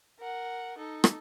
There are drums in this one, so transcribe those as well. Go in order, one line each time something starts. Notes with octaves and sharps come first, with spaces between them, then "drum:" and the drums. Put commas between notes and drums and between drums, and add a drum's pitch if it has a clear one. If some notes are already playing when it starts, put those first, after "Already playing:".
A#4 F#5
D#4 A4
drum: rim click